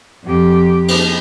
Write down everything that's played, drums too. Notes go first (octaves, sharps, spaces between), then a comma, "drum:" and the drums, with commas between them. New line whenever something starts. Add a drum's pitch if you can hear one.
F2 G4
drum: cymbal